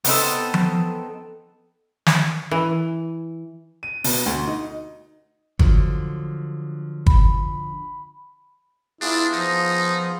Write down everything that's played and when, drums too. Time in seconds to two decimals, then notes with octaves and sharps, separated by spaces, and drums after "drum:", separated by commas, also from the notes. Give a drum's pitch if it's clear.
0.05 B3 C4 D#4 A4, drum: open hi-hat
0.54 drum: tom F3
2.06 drum: snare
2.51 E3
3.83 D#7
4.04 B2, drum: open hi-hat
4.26 D2
4.47 D#4
5.59 D3 F3 F#3, drum: kick
7.06 B5, drum: kick
9.01 B3 D4 E4 F4 G#4
9.33 F3 D#4